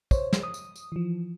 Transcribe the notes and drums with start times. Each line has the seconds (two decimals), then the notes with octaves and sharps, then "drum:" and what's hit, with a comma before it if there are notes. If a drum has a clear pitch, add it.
0.11 C5 C#5, drum: kick, tambourine
0.33 drum: snare
0.43 D#6
0.54 drum: tambourine
0.76 drum: tambourine
0.92 E3 F3